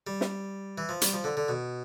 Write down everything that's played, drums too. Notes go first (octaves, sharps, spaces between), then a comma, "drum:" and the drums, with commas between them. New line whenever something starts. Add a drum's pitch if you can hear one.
G3
drum: snare
E3
F3
G3, drum: hi-hat
F3
D3
D3
B2